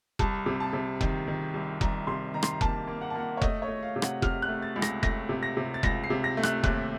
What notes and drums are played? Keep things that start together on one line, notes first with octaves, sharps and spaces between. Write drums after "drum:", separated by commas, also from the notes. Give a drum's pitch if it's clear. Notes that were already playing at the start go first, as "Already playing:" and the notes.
C2 A5, drum: kick F1
C3
A5
C3
D#3, drum: kick F1
D#3
C2
C2 A#5, drum: kick F1
C3 C6
D#3 A#5
C6, drum: rim click
A#5
A#3 A5, drum: kick F1
A#3
F#5
A5
A#3 F#5
C#5
A3 D#5, drum: kick F1
C#5
A3
F5
C3
F#5, drum: rim click
C3 F6, drum: kick F1
F#6
A3
A6
C#2
A#6, drum: rim click
A3 A#6, drum: kick F1
C3
A#6
C3
A6
C#2 A#6, drum: kick F1
C7
C3
A#6
A3
F#6, drum: rim click
D#2 F#6, drum: kick F1